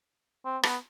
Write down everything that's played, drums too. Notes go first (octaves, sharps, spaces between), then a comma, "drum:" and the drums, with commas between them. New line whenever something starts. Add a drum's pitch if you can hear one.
C4
B3, drum: rim click